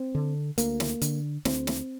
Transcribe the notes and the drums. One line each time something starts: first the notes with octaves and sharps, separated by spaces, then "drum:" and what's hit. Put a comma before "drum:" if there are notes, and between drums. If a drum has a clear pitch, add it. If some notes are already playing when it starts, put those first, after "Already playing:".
Already playing: C4
D3
D2 A#3, drum: hi-hat
drum: snare
D3, drum: hi-hat
D2 C4, drum: snare
drum: snare